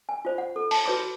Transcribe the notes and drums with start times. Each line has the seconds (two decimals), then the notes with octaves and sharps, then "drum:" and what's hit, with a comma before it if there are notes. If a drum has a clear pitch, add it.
0.09 G#5
0.25 F4 C5
0.38 F#5
0.56 A4
0.71 A5, drum: open hi-hat
0.86 F#4 B4 C#5 B5 D6